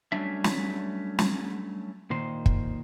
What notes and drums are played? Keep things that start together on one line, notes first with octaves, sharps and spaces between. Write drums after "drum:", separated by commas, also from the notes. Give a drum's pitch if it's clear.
F#3 G3 A3 C#4 D4 E5
drum: snare
drum: snare
A#2 D#3 C5
drum: kick